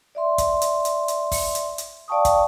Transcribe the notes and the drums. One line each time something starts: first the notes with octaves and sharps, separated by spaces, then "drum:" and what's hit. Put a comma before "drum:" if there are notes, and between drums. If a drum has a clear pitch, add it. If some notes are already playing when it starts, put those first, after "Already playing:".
D5 E5 C6
drum: kick, hi-hat
drum: hi-hat
drum: hi-hat
drum: hi-hat
drum: kick, open hi-hat
drum: hi-hat
drum: hi-hat
D5 F5 G5 A5 C#6 D#6
drum: kick, hi-hat